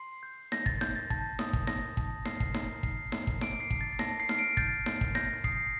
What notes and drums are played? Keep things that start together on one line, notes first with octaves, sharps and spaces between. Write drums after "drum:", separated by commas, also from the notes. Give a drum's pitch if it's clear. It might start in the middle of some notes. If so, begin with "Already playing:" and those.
Already playing: C6 C7
G6
G6 A#6, drum: snare D#4
A6, drum: kick
G6, drum: snare D#4
A6
A5 A6, drum: kick
D#6, drum: snare D#4
drum: kick
G6 A#6, drum: snare D#4
A5, drum: kick
F6 C7, drum: snare D#4
drum: kick
A#5, drum: snare D#4
F6 C7, drum: kick
A#5, drum: snare D#4
drum: kick
D6 D7, drum: snare D#4
C7
A5, drum: kick
A6
A5 A#6, drum: snare D#4
C7
F6, drum: snare D#4
D7
G6 A6, drum: kick
G6, drum: snare D#4
drum: kick
G6 A#6, drum: snare D#4
D#6 C7, drum: kick